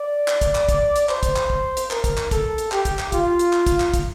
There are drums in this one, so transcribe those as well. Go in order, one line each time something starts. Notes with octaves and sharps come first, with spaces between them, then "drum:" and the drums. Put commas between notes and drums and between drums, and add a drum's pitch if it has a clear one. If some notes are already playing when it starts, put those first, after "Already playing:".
Already playing: D5
drum: clap
drum: kick, hi-hat
drum: clap
drum: kick, hi-hat
drum: hi-hat
C5, drum: clap
drum: kick, hi-hat
drum: clap
drum: kick
drum: hi-hat
A#4, drum: clap
drum: kick, hi-hat
drum: clap
A4, drum: kick, hi-hat
drum: hi-hat
G4, drum: clap
drum: kick, hi-hat
drum: clap
F4, drum: kick, hi-hat
drum: hi-hat
drum: clap
drum: kick, hi-hat
drum: clap
drum: kick, hi-hat